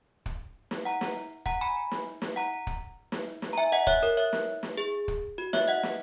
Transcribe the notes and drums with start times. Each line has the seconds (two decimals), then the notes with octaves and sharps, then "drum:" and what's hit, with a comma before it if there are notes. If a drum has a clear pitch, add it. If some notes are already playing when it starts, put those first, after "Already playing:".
0.26 drum: kick
0.71 drum: snare
0.85 F#5 A#5
1.01 drum: snare
1.46 F#5 A#5, drum: kick
1.61 G#5 B5
1.91 drum: snare
2.22 drum: snare
2.36 F#5 A#5
2.67 drum: kick
3.12 drum: snare
3.42 drum: snare
3.53 A#5
3.57 E5 G#5
3.72 D#5 F#5
3.87 C#5 E5, drum: kick
4.02 A#4 C#5
4.17 C#5 E5
4.33 drum: snare
4.63 drum: snare
4.77 G#4
5.08 drum: kick
5.38 F#4
5.53 C#5 E5, drum: snare
5.68 D#5 F#5
5.83 drum: snare